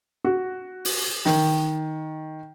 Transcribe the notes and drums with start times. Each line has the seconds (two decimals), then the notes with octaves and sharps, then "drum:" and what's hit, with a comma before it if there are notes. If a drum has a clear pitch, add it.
0.24 F#4
0.85 drum: open hi-hat
1.25 D#3, drum: snare